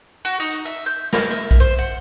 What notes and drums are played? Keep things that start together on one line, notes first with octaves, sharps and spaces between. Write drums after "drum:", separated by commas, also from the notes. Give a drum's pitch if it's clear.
F#4
D#4
drum: hi-hat
E5
G6
A#4, drum: snare
E5, drum: hi-hat
drum: kick, hi-hat
C5
F#5